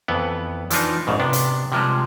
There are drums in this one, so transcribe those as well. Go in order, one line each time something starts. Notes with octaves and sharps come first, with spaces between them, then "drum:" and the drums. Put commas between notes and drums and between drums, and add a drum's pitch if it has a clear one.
F2 E3 B3
E3 F3 D4 D#4, drum: hi-hat
A#1 G#2 C#3
C3 B3 D4
drum: hi-hat
C3 F3 G3 G#3